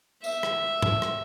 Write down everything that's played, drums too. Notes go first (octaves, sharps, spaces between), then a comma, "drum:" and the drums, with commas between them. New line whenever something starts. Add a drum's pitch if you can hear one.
E5, drum: tambourine
drum: rim click
drum: tom G#2
drum: rim click